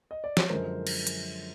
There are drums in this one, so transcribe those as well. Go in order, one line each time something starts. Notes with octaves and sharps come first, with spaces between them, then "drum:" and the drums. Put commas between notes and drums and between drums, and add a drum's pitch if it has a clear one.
D#5
D5
C#5, drum: snare
F#2 D3 F3 G#3 A#4 C5
drum: cymbal
drum: hi-hat